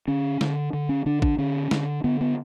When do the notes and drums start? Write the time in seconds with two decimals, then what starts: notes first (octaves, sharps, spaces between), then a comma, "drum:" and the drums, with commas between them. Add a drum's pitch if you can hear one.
0.08 D3 C#4
0.41 D3, drum: snare
0.73 D3
0.89 C#4
1.06 D3 D4
1.22 D4, drum: kick
1.38 D3 C#4
1.71 D3, drum: snare
2.04 D3 B3
2.21 B3